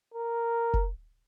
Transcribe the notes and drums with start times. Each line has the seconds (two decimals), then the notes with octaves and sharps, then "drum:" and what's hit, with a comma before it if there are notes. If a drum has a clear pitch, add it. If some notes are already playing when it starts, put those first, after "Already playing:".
0.14 A#4
0.74 drum: kick F1